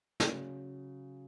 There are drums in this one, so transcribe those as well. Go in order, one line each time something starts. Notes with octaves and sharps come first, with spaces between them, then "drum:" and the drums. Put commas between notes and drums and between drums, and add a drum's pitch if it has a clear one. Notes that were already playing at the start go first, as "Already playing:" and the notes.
C#3 F#3, drum: snare